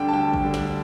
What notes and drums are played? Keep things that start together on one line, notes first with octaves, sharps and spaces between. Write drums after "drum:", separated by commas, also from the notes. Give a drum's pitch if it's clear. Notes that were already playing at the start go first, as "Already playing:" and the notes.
Already playing: D2 D3 G3 D4 G5
A5
D2 G5
drum: kick
D3 G3 D4
drum: snare